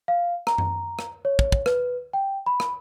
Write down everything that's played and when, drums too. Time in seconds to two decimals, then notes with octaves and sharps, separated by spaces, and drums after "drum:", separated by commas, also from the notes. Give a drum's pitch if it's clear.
0.08 F5
0.47 A#5, drum: rim click
0.58 drum: tom F#2
0.99 drum: rim click
1.25 C#5
1.39 drum: kick
1.52 drum: kick
1.66 B4, drum: rim click
2.13 G5
2.46 B5
2.60 drum: rim click